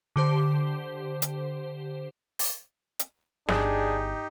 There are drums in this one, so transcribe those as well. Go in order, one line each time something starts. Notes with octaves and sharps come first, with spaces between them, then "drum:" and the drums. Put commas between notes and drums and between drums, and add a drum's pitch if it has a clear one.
D3 G4 C5
drum: hi-hat
drum: open hi-hat
drum: hi-hat
G1 D4 D#4 G4 G#4, drum: snare